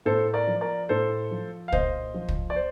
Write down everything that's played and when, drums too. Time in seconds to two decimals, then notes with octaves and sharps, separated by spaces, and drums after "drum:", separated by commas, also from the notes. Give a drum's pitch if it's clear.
0.05 A2 A4 C5
0.33 A#4 D5
0.47 F3
0.61 A#4 D5
0.89 A2 A4 C5
1.31 F3
1.68 F5
1.72 A#2 C5 D#5, drum: kick
2.14 F3
2.28 drum: kick
2.50 D5
2.56 C5